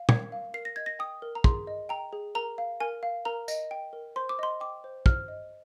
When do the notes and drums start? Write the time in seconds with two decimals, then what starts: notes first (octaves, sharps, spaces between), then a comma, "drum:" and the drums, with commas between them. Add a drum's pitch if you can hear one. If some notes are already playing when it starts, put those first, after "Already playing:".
Already playing: F5
0.09 A#4 G#6, drum: tom
0.32 F5
0.54 A#4 C7
0.65 A#6
0.76 D#5 G#6
0.86 A#6
0.99 G5 D#6
1.22 A#4
1.35 A#5
1.44 G#4 C6, drum: kick
1.67 D#5
1.89 G5 A#5
2.13 G#4
2.35 A#4 A#5
2.58 F5
2.80 A#4 G#5
3.03 F5
3.25 A#4 A#5
3.48 D#5, drum: tambourine
3.71 G5
3.93 A#4
4.16 C5 C6
4.29 D6
4.39 D#5 C6
4.60 G5 D6
4.84 C5
5.06 C5 F6, drum: kick
5.28 D#5